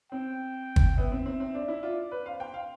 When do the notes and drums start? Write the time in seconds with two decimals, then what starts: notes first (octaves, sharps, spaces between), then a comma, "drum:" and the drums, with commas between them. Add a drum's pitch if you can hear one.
0.12 C4 G5
0.76 drum: kick
0.98 B3 E5
1.11 C4
1.26 C4
1.40 C4
1.55 D4
1.68 E4
1.83 F4 D5
2.11 B4
2.25 C5 F5
2.40 G5
2.54 F5